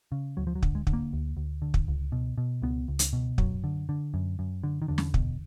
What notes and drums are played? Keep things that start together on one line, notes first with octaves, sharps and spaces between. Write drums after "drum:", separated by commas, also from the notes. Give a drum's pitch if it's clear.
C#3
D2 F#3
F3
F#3
D3, drum: kick
G#3
D3, drum: kick
A#3
D2
D2
D3
drum: kick
C#2
B2
B2
C#2 B3
C#2
drum: hi-hat
B2
F#2 F#3, drum: kick
D3
D3
F#2
F#2
D3
D#3
E2 D3
drum: snare
B2, drum: kick